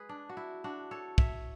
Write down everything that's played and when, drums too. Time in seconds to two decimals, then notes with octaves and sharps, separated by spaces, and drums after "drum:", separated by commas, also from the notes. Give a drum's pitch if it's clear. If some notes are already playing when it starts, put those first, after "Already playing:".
Already playing: G#3 G#4 B4
0.09 D4
0.29 F#4
0.37 E4
0.64 D4 F#4
0.91 A4 C#5
1.18 C#5 E5, drum: kick